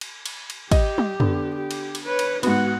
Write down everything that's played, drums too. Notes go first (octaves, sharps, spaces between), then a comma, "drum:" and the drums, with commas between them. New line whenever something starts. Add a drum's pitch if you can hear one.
drum: cymbal
drum: cymbal
drum: cymbal
G4 D#5, drum: kick, cymbal
drum: tom
D3 B3, drum: tom
G4
drum: cymbal
drum: cymbal
B4 C#5
drum: cymbal
G#2 B3 F#4 F#5, drum: cymbal